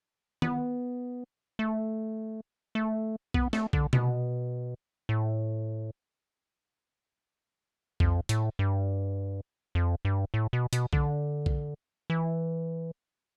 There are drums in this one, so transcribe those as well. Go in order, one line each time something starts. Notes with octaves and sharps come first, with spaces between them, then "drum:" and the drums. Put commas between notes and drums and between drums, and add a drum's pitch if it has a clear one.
B3, drum: tom D#3
A3
A3
B3, drum: kick B1
A3, drum: snare
D3, drum: kick B1
B2, drum: tom C3
A2
F2, drum: kick B1
A2, drum: hi-hat
G2
F2
G2
A2
B2
B2, drum: hi-hat
D3, drum: kick B1
drum: kick B1
E3